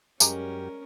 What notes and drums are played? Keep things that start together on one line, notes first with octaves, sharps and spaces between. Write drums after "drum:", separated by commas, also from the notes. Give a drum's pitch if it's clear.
F#2 G3 G#3 C#4 G4 A#4 A#5, drum: tambourine